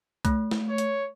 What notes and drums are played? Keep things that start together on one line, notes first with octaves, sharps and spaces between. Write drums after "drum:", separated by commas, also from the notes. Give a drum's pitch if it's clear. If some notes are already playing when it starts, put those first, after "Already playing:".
A3, drum: kick C2, hi-hat
drum: snare
C#5
drum: hi-hat